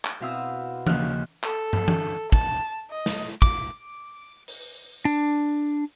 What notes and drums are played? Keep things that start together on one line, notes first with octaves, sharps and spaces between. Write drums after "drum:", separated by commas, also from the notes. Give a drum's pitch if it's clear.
drum: clap
B2 C4 E4 F5 D#6 E6
D#2 C#3 F3 F6 F#6, drum: tom E3
A4, drum: clap
drum: tom
drum: tom E3
A5, drum: kick
D#5
drum: snare
D6, drum: kick
drum: open hi-hat
D4, drum: tambourine